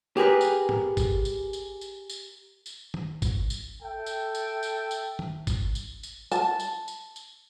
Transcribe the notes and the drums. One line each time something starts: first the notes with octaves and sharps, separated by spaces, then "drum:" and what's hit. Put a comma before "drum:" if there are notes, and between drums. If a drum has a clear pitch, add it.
G4 G#4 A#4 B4
drum: tambourine
drum: tom
drum: kick G1, tambourine
drum: tambourine
drum: tambourine
drum: tambourine
drum: tambourine
drum: tambourine
drum: tom
drum: kick G1, tambourine
drum: tambourine
A4 E5 G5
drum: tambourine
drum: tambourine
drum: tambourine
drum: tambourine
drum: tom
drum: kick G1, tambourine
drum: tambourine
drum: tambourine
A5, drum: tambourine
drum: tambourine
drum: tambourine
drum: tambourine